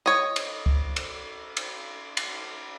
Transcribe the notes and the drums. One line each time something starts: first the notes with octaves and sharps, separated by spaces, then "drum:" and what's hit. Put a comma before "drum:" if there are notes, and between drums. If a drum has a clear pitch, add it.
C#5 D#5
drum: cymbal
drum: kick
drum: cymbal
drum: cymbal
drum: cymbal